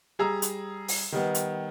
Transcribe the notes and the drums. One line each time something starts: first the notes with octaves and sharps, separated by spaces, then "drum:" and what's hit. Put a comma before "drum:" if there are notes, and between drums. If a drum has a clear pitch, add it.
G3 G#4 A#5 E6
drum: hi-hat
drum: open hi-hat
D#3 G3 B3
drum: hi-hat